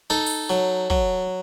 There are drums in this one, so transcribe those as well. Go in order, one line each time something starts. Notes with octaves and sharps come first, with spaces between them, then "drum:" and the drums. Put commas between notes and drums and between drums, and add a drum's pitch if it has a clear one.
D#4 A4
drum: open hi-hat
F#3
F#3, drum: kick